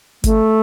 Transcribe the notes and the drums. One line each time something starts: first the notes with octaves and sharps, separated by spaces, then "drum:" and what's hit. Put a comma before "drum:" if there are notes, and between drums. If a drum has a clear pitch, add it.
A3, drum: kick G1, hi-hat